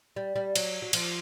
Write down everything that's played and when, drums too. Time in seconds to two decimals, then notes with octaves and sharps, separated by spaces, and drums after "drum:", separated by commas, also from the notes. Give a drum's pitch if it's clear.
0.16 G3
0.36 G3
0.56 F#3, drum: cymbal
0.82 F#3
0.93 F3, drum: cymbal